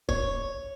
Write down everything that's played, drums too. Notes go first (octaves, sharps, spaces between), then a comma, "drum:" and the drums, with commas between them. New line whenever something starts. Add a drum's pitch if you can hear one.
C#5, drum: kick